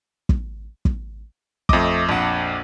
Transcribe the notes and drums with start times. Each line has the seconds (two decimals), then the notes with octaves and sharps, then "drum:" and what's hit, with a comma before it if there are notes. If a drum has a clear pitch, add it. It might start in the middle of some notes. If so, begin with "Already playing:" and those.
0.29 drum: kick
0.85 drum: kick
1.69 F2 A3 D#5 D6, drum: kick
2.09 A#1 F#5